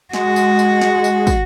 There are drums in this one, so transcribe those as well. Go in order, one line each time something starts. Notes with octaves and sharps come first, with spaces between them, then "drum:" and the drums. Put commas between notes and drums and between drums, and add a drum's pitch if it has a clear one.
G#3 F#4, drum: snare
drum: tambourine
drum: tambourine
drum: snare
drum: tambourine
drum: kick, tambourine